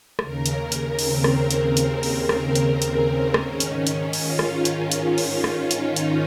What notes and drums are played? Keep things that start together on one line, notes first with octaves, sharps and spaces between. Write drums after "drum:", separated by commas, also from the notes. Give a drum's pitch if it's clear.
D#2 C#3 A#4, drum: rim click
drum: hi-hat
drum: hi-hat
C4, drum: open hi-hat
drum: rim click
drum: hi-hat
drum: hi-hat
drum: open hi-hat
drum: rim click
drum: hi-hat
drum: hi-hat
G#2 D#3 C#4, drum: rim click
drum: hi-hat
drum: hi-hat
F4, drum: open hi-hat
drum: rim click
drum: hi-hat
drum: hi-hat
drum: open hi-hat
drum: rim click
D#4, drum: hi-hat
drum: hi-hat